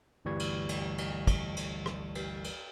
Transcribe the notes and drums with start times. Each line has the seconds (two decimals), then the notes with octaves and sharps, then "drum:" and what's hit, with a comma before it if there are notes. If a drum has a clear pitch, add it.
0.25 G1 D2 E3 G3 C#6 G#6
0.40 drum: cymbal
0.69 drum: cymbal
0.98 drum: cymbal
1.27 drum: kick, cymbal
1.57 drum: cymbal
1.86 drum: rim click
2.15 drum: cymbal
2.44 drum: cymbal